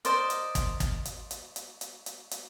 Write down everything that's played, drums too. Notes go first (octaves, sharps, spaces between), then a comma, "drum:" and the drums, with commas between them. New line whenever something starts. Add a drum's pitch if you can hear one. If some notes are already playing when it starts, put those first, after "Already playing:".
A#4 C5 D5 D#5, drum: hi-hat
drum: hi-hat
drum: kick, hi-hat
drum: kick, hi-hat
drum: hi-hat
drum: hi-hat
drum: hi-hat
drum: hi-hat
drum: hi-hat
drum: hi-hat